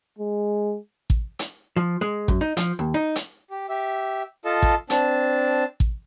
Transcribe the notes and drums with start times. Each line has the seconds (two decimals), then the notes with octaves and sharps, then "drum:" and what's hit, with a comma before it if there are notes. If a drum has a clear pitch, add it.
0.19 G#3
1.10 drum: kick A1
1.39 drum: hi-hat
1.76 F3
2.01 G#3
2.28 F#2, drum: kick A1
2.41 D#4
2.57 F3, drum: hi-hat
2.79 D#2
2.94 D#4
3.16 drum: hi-hat
3.50 G4
3.69 G4 E5
4.45 F4 A4 D#5 A5
4.63 drum: kick A1
4.90 C4 D4 A5, drum: hi-hat
5.80 drum: kick A1